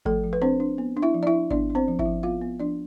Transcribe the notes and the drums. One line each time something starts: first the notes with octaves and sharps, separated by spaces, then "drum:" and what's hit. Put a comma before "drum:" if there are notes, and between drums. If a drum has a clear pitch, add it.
F3 A3 A4, drum: kick G#1
F3
B4
C4 D4 C5
D4
B3
D4
E4 E5
F3
D5
E4 E5
D4
B3 D4 D5, drum: kick G#1
D4
C4 C5
F3
E4 E5, drum: kick G#1
F3
B3 F4 F5
B3
F3 D4 D5